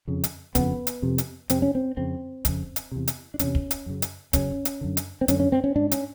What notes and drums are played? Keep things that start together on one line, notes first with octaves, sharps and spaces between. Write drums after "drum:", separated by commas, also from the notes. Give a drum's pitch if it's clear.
F2 C#3
drum: hi-hat
F2 C#3 B3, drum: kick, hi-hat
drum: hi-hat
F2 C3
drum: hi-hat
F2 C3 C4, drum: hi-hat
C#4
C4
F2 C#3 C4
F2 C#3, drum: kick, hi-hat
drum: hi-hat
E2 C3
drum: hi-hat
D4
E2 C3 C#4, drum: hi-hat
drum: kick
drum: hi-hat
F#2 C#3
drum: hi-hat
F#2 C#3 C#4, drum: kick, hi-hat
drum: hi-hat
F#2 D3
drum: hi-hat
C4
F#2 D3 C#4, drum: hi-hat
C#4
C4
C#4
G#2 D4
C#4, drum: hi-hat